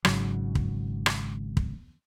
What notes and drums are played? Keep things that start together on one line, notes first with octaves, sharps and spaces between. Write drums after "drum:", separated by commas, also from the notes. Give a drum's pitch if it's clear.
G#1 G#2 C#3 F#3, drum: rim click
drum: kick
drum: rim click
drum: kick